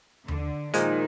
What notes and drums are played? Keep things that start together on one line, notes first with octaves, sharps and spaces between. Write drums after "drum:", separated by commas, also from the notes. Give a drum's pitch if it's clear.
D3, drum: tom D#2
A#2 D#3 F3 G#3, drum: hi-hat